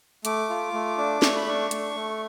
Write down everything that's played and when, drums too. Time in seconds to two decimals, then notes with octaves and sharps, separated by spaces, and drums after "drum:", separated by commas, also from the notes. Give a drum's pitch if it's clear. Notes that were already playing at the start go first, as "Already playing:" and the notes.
0.25 A3 D6, drum: hi-hat
0.50 F4
0.73 A3
0.98 D4
1.22 A3 C#6, drum: snare
1.36 B5
1.46 D4 C#6
1.71 A3, drum: hi-hat
1.95 A3